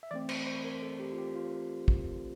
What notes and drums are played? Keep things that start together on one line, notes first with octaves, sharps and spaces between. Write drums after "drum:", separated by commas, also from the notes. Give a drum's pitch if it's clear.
E5
E3 A3 C4 D5
C5, drum: cymbal
C5
A#4
A4
G4
F4
G4
F4
drum: kick